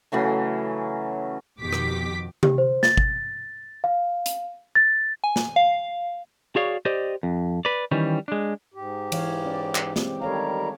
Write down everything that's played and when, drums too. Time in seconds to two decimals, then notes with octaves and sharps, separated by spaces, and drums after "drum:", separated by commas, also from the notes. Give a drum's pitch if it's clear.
0.12 C#3 E3 F#3 A3
1.60 F2 B2 D#3 G4 D6 B6
1.73 drum: rim click
2.43 G4, drum: tom C3
2.58 C5
2.83 A6, drum: snare
2.97 drum: kick
3.84 F5
4.26 drum: hi-hat
4.75 A6
5.24 G#5
5.36 drum: snare
5.56 F5
6.56 F#4 G#4 C#5 D5 F5
6.85 G4 C5 D5 D#5
7.23 F2
7.65 B4 D5
7.91 D#3 E3 G3 C#4
8.28 G#3 D4
8.74 G#2 G4
9.12 E3 C#5 F5, drum: cymbal
9.46 C#4 D5
9.75 drum: clap
9.96 G#3 C4 G4, drum: snare
10.22 D#3 G3 A4 C#5 F5 A#5